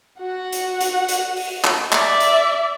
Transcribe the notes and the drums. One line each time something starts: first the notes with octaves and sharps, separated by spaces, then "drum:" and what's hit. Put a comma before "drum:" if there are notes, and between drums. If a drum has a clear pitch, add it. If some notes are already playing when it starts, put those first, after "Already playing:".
F#4 F#5
drum: hi-hat
drum: hi-hat
drum: hi-hat
drum: open hi-hat
drum: clap
D5 E5, drum: clap
drum: hi-hat